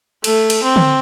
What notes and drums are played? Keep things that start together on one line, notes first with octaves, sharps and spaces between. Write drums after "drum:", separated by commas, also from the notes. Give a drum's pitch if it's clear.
A3, drum: cymbal
drum: cymbal
C4
drum: tom D3